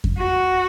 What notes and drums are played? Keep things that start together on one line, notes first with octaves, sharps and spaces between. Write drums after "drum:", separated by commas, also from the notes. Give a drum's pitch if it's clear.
drum: kick F2
F#4